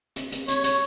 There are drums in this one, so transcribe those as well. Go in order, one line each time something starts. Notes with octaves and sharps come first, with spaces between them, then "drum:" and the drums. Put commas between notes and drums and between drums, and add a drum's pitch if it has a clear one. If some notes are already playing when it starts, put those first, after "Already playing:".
drum: hi-hat
drum: hi-hat
C#5, drum: hi-hat
drum: hi-hat